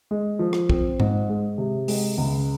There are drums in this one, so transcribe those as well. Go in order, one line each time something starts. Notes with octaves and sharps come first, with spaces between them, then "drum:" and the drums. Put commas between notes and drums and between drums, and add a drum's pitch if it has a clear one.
G#3
F3
drum: rim click
C4, drum: kick
G#2, drum: tom G#2
G#3
C3
G#3, drum: open hi-hat
C#2